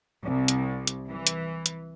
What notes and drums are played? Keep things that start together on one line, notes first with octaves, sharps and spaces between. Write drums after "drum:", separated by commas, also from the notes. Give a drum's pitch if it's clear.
C2
drum: hi-hat
drum: hi-hat
E3
drum: hi-hat
drum: hi-hat